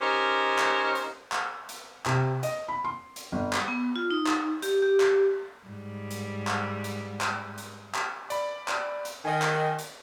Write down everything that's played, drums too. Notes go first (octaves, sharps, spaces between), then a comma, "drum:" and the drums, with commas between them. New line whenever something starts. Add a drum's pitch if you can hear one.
C#4 D#4 G4 A#4 C5
drum: clap
drum: hi-hat
drum: clap
drum: hi-hat
C3, drum: clap
D#5, drum: hi-hat
B5
C6
drum: hi-hat
G1
drum: clap
B3
F4
D#4
drum: clap
G4, drum: hi-hat
G4
drum: clap
G#2 G3
drum: hi-hat
drum: clap
drum: hi-hat
drum: clap
drum: hi-hat
drum: clap
D5 B5, drum: hi-hat
drum: clap
drum: hi-hat
D#3 D#5 G#5
drum: clap
drum: hi-hat